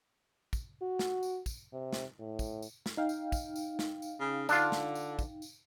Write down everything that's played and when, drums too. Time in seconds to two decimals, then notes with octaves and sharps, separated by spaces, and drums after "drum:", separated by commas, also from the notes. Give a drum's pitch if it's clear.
0.53 drum: kick, tambourine
0.82 F#4
0.99 drum: snare
1.23 drum: tambourine
1.46 drum: kick, tambourine
1.73 C3
1.93 drum: snare
2.19 A2
2.39 drum: kick, tambourine
2.62 drum: tambourine
2.86 drum: snare
2.97 D#4 F5 G5
3.09 drum: tambourine
3.32 drum: kick, tambourine
3.56 drum: tambourine
3.79 drum: snare
4.02 drum: tambourine
4.20 C#3
4.49 D3 D4 F4, drum: tambourine
4.72 drum: snare
4.95 drum: tambourine
5.19 drum: kick, tambourine
5.42 drum: tambourine